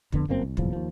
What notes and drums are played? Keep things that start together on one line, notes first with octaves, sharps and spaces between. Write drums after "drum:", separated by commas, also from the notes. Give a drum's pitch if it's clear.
F2 D3 B3, drum: kick
G1 F#2 A#3 C4
C2
F#1 B1 E2 F3, drum: kick
D#2 F3